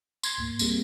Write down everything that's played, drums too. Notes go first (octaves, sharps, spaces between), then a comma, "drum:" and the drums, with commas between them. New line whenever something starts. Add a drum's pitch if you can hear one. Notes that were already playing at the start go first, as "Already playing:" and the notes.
C6 G#6 C7, drum: tambourine
D2 G#2 A#3
G3 A#3 C4 G4 G#4, drum: tambourine